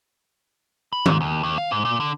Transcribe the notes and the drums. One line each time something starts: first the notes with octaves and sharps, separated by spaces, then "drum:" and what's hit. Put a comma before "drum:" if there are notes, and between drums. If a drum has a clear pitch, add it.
B5
G#2, drum: tom D#3
D#2
D#2
F5
G#2
A#2
D3